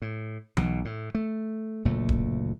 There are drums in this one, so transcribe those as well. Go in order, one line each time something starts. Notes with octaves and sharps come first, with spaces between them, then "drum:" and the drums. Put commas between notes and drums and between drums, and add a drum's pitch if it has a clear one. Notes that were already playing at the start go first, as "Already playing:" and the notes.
A2
B1 B2, drum: tom E3
A2
A3
F#1 D2 A#2 A3
drum: kick D#1